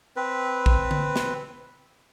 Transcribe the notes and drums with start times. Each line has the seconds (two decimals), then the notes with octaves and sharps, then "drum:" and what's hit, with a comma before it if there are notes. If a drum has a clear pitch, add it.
0.16 C4 B4
0.66 drum: kick
0.91 drum: tom D3
1.16 drum: snare